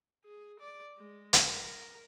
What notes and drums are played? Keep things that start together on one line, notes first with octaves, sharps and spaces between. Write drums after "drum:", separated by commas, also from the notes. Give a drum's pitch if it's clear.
G#4
D5
G#3
drum: hi-hat
A#4